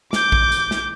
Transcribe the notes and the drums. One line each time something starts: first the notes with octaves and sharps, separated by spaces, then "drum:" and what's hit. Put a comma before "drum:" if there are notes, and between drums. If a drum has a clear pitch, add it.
D6 G6, drum: snare
drum: kick A#1
drum: tambourine
drum: snare